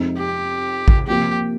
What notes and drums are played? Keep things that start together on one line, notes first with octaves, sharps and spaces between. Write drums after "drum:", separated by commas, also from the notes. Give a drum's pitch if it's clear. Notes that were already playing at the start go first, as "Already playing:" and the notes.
Already playing: F2 C3 F3 G#3 D#4
G4
drum: kick
C3 F3 A#3 G4